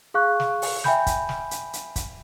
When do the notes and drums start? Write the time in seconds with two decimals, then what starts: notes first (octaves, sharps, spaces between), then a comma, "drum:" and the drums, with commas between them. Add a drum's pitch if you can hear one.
0.14 G#4 F5 C#6 F#6
0.40 drum: snare
0.62 drum: open hi-hat
0.84 E5 G5 G#5 B5 G6, drum: snare
1.06 drum: kick, hi-hat
1.29 drum: snare
1.51 drum: hi-hat
1.73 drum: hi-hat
1.96 drum: kick, hi-hat